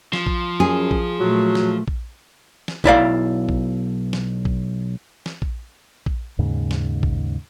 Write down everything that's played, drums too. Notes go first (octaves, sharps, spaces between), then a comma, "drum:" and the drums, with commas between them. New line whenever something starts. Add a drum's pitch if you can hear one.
F3, drum: snare
drum: kick A#1
F#2 G#4
drum: kick A#1
A#2 F#3 A3
drum: snare
drum: kick A#1
drum: snare
B1 E4 D5 F5, drum: kick A#1
drum: kick A#1
drum: snare
drum: kick A#1
drum: snare
drum: kick A#1
drum: kick A#1
D#2 G#2 C#3
drum: snare
drum: kick A#1